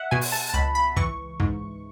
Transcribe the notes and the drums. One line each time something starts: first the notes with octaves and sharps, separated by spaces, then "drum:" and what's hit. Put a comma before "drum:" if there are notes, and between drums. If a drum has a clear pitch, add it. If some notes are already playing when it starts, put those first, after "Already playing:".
Already playing: E5 F#5
B2 G#5
drum: open hi-hat
A5
A5
C#2 B5
B5
E3 C#6, drum: kick
G#2, drum: kick